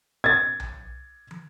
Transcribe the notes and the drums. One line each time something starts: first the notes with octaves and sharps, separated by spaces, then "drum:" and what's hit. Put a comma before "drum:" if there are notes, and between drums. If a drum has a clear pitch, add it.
G#6 A6
drum: tom B1
drum: tom